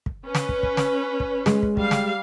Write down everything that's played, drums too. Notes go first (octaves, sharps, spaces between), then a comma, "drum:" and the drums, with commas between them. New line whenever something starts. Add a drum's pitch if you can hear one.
drum: kick
C#4 B4
drum: snare
drum: kick
drum: kick
drum: snare
drum: kick
G#3, drum: snare
drum: kick
G3 F5, drum: kick
drum: snare